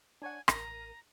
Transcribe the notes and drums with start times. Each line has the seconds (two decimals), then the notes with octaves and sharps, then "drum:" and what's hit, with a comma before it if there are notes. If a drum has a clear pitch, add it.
0.22 D4 C#5 F#5 G#5
0.48 A1 A#4 A#5 D#7, drum: rim click